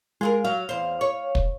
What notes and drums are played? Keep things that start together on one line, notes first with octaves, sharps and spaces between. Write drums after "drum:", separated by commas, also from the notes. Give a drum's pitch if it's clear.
G#3 F4 G#4 A#4
F#3 F5
E2 C5
C#5
drum: kick